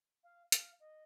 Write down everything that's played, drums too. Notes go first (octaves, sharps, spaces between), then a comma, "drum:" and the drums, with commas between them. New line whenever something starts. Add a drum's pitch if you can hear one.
F5
F5, drum: hi-hat
D#5